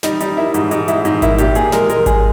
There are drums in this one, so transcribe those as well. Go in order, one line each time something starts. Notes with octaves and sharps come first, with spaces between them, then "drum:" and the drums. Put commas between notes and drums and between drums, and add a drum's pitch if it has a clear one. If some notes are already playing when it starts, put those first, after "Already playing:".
G3 D#4, drum: snare
G3 D#4, drum: hi-hat
D#3 E4
G#2, drum: hi-hat
G#2 D#4, drum: hi-hat
G#2 E4, drum: hi-hat
G#2 D#4, drum: hi-hat
D#3 E4, drum: kick G#1, hi-hat
A#2 G4, drum: hi-hat
A#2 G#4, drum: hi-hat
G#3 A#4, drum: snare
G#3 A#4, drum: hi-hat
G#3 G#4, drum: kick G#1, hi-hat